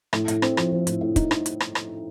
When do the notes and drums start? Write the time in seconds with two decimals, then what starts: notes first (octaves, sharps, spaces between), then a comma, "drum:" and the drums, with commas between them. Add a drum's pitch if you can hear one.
0.13 A2, drum: rim click
0.28 A2, drum: hi-hat
0.42 C4, drum: rim click
0.57 F3, drum: rim click
0.72 F3
0.87 A2, drum: hi-hat
1.01 A2
1.16 D#4, drum: kick, hi-hat
1.31 D#4, drum: rim click
1.46 drum: hi-hat
1.60 drum: rim click
1.75 drum: rim click